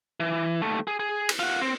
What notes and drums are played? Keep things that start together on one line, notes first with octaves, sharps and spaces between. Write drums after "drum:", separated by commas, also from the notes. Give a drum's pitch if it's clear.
E3
D#2 A3
G#4
G#4
drum: cymbal
F4 F#5
C4